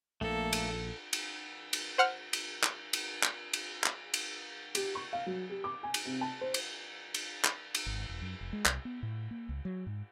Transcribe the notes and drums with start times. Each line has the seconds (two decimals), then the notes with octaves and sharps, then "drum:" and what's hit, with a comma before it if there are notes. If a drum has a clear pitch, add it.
0.21 A#1 A#2 A3 A#3 A4
0.53 drum: cymbal
1.13 drum: cymbal
1.73 drum: cymbal
1.98 C5 F#5 F6
2.33 drum: cymbal
2.63 drum: clap
2.93 drum: cymbal
3.23 drum: clap
3.53 drum: cymbal
3.84 drum: clap
4.14 drum: cymbal
4.75 G4, drum: cymbal
4.95 C#6
5.13 F5
5.26 F#3
5.49 G4
5.64 D6
5.83 G#5
5.94 drum: cymbal
6.05 C3
6.21 A5
6.41 C5
6.54 drum: cymbal
7.14 drum: cymbal
7.45 drum: clap
7.75 drum: cymbal
7.86 G#1
8.09 E1
8.22 F#2
8.41 F1
8.53 G#3
8.65 C2, drum: clap
8.85 B3
9.03 A2
9.31 A#3
9.49 C#2
9.65 F#3
9.86 G#2